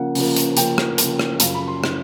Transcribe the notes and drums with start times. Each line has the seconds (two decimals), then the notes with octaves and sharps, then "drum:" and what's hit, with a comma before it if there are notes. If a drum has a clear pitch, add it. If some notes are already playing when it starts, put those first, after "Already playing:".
Already playing: C#3 F3 A#3 F#5
0.15 C#3 F3 A#3, drum: open hi-hat
0.36 drum: hi-hat
0.57 C#3 F3 A#3 G5, drum: hi-hat
0.78 drum: rim click
0.98 C#3 F3 A#3, drum: hi-hat
1.19 drum: rim click
1.40 F#2 C#3 F3 F5, drum: hi-hat
1.54 B5
1.68 C6
1.84 C#3 F3, drum: rim click